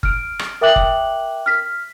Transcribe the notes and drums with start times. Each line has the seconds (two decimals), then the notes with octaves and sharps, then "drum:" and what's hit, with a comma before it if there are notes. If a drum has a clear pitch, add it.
0.03 F6 D7, drum: kick F#1
0.39 drum: rim click
0.61 A#4 E5 G5 D6 F#6 F#7
0.76 drum: kick F#1
1.46 F6 B6